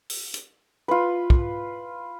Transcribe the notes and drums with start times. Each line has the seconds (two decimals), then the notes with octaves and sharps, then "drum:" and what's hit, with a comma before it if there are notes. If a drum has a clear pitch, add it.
0.10 drum: open hi-hat
0.34 drum: hi-hat
0.88 F4 B4
1.30 drum: kick